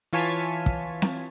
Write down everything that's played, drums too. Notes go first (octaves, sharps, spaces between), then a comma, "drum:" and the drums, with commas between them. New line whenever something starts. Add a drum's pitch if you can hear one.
E3 F4 C#5 G#5 A5 B6
drum: kick
drum: snare C4